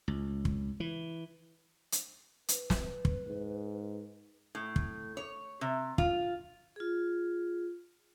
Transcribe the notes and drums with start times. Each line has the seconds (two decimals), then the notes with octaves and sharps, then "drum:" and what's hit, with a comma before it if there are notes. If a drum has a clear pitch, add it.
0.08 C#2
0.45 drum: kick
0.80 E3
1.92 drum: hi-hat
2.48 B4, drum: hi-hat
2.70 drum: snare
3.05 drum: kick
3.27 G#2
4.55 A2
4.76 drum: kick
5.17 C#5
5.61 C3
5.98 F4, drum: kick
6.76 F4 G#4